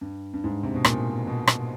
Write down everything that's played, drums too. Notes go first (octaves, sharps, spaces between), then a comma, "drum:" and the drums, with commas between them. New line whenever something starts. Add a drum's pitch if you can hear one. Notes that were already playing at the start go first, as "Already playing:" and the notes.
G2
G2
G#2
C3
B2
A#2, drum: rim click
B2
drum: rim click